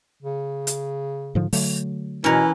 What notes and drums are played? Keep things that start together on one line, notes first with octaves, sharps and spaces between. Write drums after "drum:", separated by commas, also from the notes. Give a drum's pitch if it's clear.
C#3
drum: hi-hat
G#2 D3 F3
D3 F#3 A3, drum: open hi-hat
B2 E3 C#4 A#4